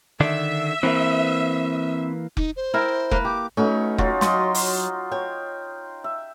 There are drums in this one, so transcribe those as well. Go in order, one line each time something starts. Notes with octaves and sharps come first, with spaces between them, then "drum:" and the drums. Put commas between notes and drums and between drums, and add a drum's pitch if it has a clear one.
D3 D#3 D4 E5
E3 A#3 C4 B4
D#4, drum: kick F1
C5
E4 A#4 G5
A#3 B4, drum: kick F1
G4 D6
A3 C#4 D#4 F#4 B4
F#3 F4, drum: kick F1
F#3 D#5 C6, drum: snare
drum: open hi-hat
C#5 G5
E5